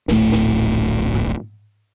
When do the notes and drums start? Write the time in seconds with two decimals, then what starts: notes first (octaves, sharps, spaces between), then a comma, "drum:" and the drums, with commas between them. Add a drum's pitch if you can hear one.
0.08 D1 A#1 A2 A3, drum: snare
0.32 drum: snare
1.15 drum: tom G#2